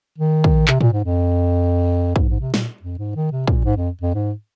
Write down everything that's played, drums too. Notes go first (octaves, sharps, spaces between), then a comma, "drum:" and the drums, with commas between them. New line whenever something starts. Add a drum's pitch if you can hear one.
D#3
drum: kick
C3, drum: clap
A#2, drum: tom G#2
G#2
F2
G#2, drum: kick
G#2
C3
A#2, drum: snare
F2
G#2
D#3
C3
A#2, drum: kick
G#2
F2
F2
G#2